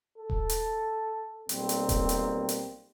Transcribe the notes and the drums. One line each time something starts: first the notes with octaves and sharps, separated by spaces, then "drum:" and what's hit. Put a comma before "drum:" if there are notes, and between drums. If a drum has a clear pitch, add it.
A4
drum: kick D#1
drum: hi-hat
B1 G3 A#3 C4, drum: hi-hat
drum: hi-hat
drum: kick D#1, hi-hat
drum: hi-hat
drum: hi-hat